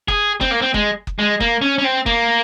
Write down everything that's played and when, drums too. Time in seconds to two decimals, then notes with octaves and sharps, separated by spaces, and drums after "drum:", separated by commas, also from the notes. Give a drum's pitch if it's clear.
0.08 G#4, drum: kick F#1
0.41 C4, drum: kick F#1
0.51 A#3
0.62 C4
0.74 G#3, drum: kick F#1
1.07 drum: kick F#1
1.19 G#3
1.40 A#3, drum: kick F#1
1.61 C#4
1.78 C#4
1.84 C4
2.06 A#3, drum: kick F#1